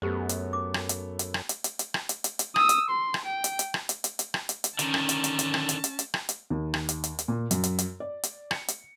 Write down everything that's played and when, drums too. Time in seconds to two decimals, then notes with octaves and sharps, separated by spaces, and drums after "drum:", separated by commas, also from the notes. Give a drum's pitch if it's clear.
0.02 F#2 A3 B3 G4 C5
0.29 drum: hi-hat
0.53 D6
0.74 drum: rim click
0.89 drum: hi-hat
1.19 drum: hi-hat
1.34 drum: rim click
1.49 drum: hi-hat
1.64 drum: hi-hat
1.79 drum: hi-hat
1.94 drum: rim click
2.09 drum: hi-hat
2.24 drum: hi-hat
2.39 drum: hi-hat
2.56 D#6 E6, drum: rim click
2.69 drum: hi-hat
2.91 C6
3.14 drum: rim click
3.25 G5
3.44 drum: hi-hat
3.59 drum: hi-hat
3.74 drum: rim click
3.89 drum: hi-hat
4.04 drum: hi-hat
4.19 drum: hi-hat
4.34 drum: rim click
4.49 drum: hi-hat
4.64 drum: hi-hat
4.79 D3 D#3 C#4 A5, drum: hi-hat
4.94 drum: rim click
5.09 drum: hi-hat
5.24 drum: hi-hat
5.39 drum: hi-hat
5.54 drum: rim click
5.69 drum: hi-hat
5.84 drum: hi-hat
5.99 drum: hi-hat
6.14 drum: rim click
6.29 drum: hi-hat
6.50 D#2
6.74 drum: rim click
6.89 drum: hi-hat
7.04 drum: hi-hat
7.19 drum: hi-hat
7.28 A#2
7.51 F#2, drum: hi-hat
7.64 drum: hi-hat
7.79 drum: hi-hat
8.00 D5
8.23 drum: hi-hat
8.51 C#7, drum: rim click
8.68 drum: hi-hat